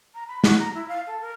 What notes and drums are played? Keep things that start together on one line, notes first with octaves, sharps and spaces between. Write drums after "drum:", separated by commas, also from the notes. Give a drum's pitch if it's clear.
A#5
B5
F#4, drum: snare
A#5
E4
F5
A4
A#4